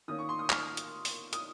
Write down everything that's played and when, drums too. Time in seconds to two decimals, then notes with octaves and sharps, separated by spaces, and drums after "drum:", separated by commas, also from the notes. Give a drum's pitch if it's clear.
0.08 D#3 A#3 C#4 D#6
0.19 C#6
0.29 C6
0.39 D#6
0.50 F6, drum: clap
0.77 drum: hi-hat
1.05 drum: open hi-hat
1.33 D#6, drum: hi-hat